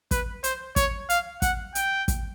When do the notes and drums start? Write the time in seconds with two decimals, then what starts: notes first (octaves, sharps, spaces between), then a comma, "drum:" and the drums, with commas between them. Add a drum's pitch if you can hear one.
0.11 B4, drum: kick, hi-hat
0.44 C5, drum: hi-hat
0.76 C#5, drum: kick, hi-hat
1.10 F5, drum: hi-hat
1.42 F#5, drum: kick, hi-hat
1.75 G5, drum: hi-hat
2.08 drum: kick, hi-hat